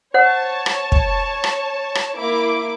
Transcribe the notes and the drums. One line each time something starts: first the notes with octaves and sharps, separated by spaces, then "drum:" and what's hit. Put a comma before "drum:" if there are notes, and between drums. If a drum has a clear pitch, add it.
C5 C#5 F#5 A5
drum: rim click
drum: kick
drum: rim click
drum: rim click
A#3 E4 D6